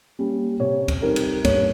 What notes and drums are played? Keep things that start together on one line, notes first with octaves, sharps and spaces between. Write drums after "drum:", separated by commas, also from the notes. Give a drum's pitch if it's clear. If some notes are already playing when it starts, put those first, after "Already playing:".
G3 A#3 C#4
C3 C#5
drum: kick, cymbal
G3 C4 D#4 A#4
drum: cymbal
G2 C#5, drum: kick, cymbal